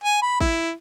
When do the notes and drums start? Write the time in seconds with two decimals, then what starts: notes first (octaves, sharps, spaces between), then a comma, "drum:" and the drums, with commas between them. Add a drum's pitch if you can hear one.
0.04 G#5
0.22 B5
0.40 E4, drum: kick G#1